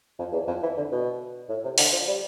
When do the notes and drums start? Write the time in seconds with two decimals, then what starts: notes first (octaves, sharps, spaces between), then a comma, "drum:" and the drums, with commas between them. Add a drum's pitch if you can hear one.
0.19 F2
0.33 E2
0.47 F2
0.62 E3
0.77 D3
0.91 B2
1.49 A2
1.64 C3
1.78 D3, drum: open hi-hat
1.92 F3
2.08 G3